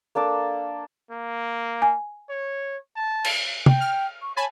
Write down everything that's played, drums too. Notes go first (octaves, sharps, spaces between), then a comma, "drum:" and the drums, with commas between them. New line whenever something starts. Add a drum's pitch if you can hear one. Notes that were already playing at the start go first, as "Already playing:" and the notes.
A#3 D4 A4 D6
A#3
G#5
C#5
A5
drum: cymbal
G5, drum: tom
F6
C#6
C#5 G#5 A5 B5